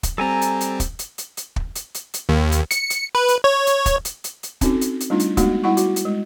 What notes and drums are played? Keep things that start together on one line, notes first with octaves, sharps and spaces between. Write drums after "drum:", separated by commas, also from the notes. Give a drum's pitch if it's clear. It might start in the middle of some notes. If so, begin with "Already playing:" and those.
drum: kick, hi-hat
G3 C4 A4 G#5 A#5
drum: hi-hat
drum: hi-hat
drum: kick, hi-hat
drum: hi-hat
drum: hi-hat
drum: hi-hat
drum: kick
drum: hi-hat
drum: hi-hat
drum: hi-hat
D#2
drum: hi-hat
C#7, drum: hi-hat
drum: hi-hat
B4
drum: hi-hat
C#5
drum: hi-hat
drum: kick, hi-hat
drum: hi-hat
drum: hi-hat
drum: hi-hat
C4 C#4 D#4 F#4 A4, drum: kick, hi-hat
drum: hi-hat
drum: hi-hat
G3 A3 D4 D#4 F4
drum: hi-hat
G#3 A3 B3 D#4 F#4, drum: kick, hi-hat
G3 E4 F#5 C#6
F#4, drum: hi-hat
drum: hi-hat
G#3